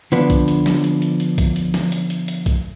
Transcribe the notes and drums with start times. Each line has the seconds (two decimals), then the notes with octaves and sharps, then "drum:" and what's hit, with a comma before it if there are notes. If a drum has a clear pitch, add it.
0.12 D3 F3 B3 D4, drum: hi-hat
0.30 drum: kick, hi-hat
0.48 drum: hi-hat
0.66 drum: snare
0.84 drum: hi-hat
1.02 drum: hi-hat
1.20 drum: hi-hat
1.38 drum: kick, hi-hat
1.56 drum: hi-hat
1.74 drum: snare
1.92 drum: hi-hat
2.10 drum: hi-hat
2.28 drum: hi-hat
2.46 drum: kick, hi-hat